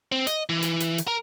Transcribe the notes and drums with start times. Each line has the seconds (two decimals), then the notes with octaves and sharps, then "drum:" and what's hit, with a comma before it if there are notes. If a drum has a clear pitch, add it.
0.12 C4
0.27 D#5, drum: hi-hat
0.49 E3
0.62 drum: hi-hat
0.80 drum: hi-hat
0.98 drum: hi-hat
1.08 A#4